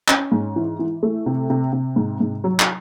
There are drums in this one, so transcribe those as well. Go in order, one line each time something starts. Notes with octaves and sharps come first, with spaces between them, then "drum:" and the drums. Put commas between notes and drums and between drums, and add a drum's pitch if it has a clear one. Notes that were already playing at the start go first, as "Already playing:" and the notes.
C#4, drum: clap
G#2
E3
E3
A3
C3
C3
C3
G#2
G#2
F#3
drum: clap